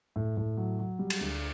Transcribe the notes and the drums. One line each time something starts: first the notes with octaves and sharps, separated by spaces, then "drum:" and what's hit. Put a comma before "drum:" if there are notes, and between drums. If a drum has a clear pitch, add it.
A2
A2
F#3
F#3
G3
drum: cymbal
D2